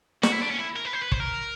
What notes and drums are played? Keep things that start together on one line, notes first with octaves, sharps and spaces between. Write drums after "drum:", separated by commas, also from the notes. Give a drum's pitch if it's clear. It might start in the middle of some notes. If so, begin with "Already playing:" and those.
F#4, drum: snare
E4
D4
C#4
E4
A#4
B4
C5
B4
C5, drum: kick
A#4